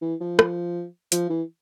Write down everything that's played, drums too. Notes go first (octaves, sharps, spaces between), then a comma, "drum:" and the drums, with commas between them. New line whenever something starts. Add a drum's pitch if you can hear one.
E3
F3
drum: rim click
F3, drum: hi-hat
E3